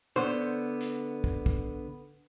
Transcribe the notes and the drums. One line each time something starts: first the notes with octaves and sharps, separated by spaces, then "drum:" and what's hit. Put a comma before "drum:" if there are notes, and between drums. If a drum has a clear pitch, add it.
D3 B3 C5
drum: hi-hat
drum: kick
drum: kick